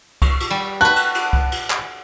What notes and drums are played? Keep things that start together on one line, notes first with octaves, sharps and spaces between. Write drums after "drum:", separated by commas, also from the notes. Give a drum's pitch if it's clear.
C#6, drum: kick, cymbal
drum: cymbal
G3
F#4 B4 A5 F#6
drum: cymbal
drum: cymbal
drum: kick
drum: cymbal
drum: clap